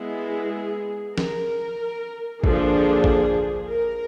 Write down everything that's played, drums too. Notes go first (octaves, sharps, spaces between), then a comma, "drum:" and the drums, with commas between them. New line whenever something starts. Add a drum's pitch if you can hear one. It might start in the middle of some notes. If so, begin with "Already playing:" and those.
Already playing: G#3 B3 E4 G#4
A#4, drum: snare
D3 F3 A#3 D4 G#4, drum: kick A1
drum: kick A1
A#4